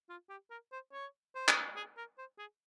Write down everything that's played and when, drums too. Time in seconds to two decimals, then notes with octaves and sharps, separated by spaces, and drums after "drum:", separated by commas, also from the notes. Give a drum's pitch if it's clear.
0.09 F4
0.29 G4
0.50 A#4
0.72 C5
0.93 C#5
1.35 C5
1.48 drum: clap
1.76 G#4
1.97 A#4
2.18 C5
2.39 G#4